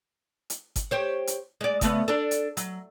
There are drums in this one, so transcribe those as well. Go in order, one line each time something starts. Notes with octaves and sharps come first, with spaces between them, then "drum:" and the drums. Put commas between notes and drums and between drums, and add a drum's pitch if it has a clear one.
drum: hi-hat
drum: kick G1, hi-hat
G4 C5 C#5
drum: hi-hat
G#3 D5
C#3 A3 B3, drum: kick G1, hi-hat
D4 A4
drum: hi-hat
F#3, drum: hi-hat